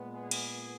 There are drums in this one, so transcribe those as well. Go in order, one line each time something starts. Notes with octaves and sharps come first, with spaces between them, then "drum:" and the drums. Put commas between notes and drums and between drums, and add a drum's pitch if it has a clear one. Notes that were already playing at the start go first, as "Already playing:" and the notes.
Already playing: A#2 G#3 B3
G#4
drum: cymbal